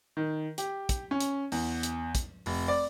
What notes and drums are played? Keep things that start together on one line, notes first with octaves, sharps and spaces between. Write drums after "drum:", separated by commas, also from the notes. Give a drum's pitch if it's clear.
D#3
G4, drum: hi-hat
drum: kick, hi-hat
C#4
drum: hi-hat
E2, drum: open hi-hat
drum: hi-hat
drum: kick, hi-hat
F1, drum: open hi-hat
D5